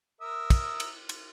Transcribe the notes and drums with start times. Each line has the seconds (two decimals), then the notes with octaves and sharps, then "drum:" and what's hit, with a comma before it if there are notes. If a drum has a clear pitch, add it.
0.21 A#4 E5 D#6
0.50 drum: kick, cymbal
0.80 drum: cymbal
1.09 drum: cymbal